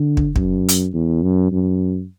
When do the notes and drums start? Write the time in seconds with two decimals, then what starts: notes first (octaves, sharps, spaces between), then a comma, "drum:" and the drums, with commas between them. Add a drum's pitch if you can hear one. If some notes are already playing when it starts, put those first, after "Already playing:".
Already playing: D3
0.17 drum: kick
0.36 F#2, drum: kick
0.69 drum: hi-hat
0.94 E2
1.23 F#2
1.52 F#2